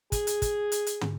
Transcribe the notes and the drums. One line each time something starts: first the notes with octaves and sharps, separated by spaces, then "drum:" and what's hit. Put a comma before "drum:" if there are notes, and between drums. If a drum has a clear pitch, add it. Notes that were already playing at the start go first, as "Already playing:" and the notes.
G#4, drum: kick, hi-hat
drum: hi-hat
drum: kick, hi-hat
drum: hi-hat
drum: hi-hat
drum: tom